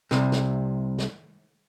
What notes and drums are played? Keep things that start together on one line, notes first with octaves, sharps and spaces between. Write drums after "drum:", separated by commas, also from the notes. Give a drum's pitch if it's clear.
C2 C3, drum: snare
drum: snare
drum: snare